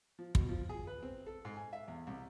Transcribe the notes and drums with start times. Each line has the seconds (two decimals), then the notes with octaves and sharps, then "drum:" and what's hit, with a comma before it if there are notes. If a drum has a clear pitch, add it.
0.19 F3
0.35 B2, drum: kick
0.49 F3
0.69 G#4
0.87 B4
1.03 C4
1.26 A4
1.45 G#2
1.57 G#5
1.73 E5
1.88 E2
2.07 C2